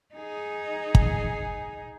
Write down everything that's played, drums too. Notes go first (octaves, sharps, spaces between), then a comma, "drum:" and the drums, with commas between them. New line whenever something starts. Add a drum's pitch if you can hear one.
D#4 G#4
drum: kick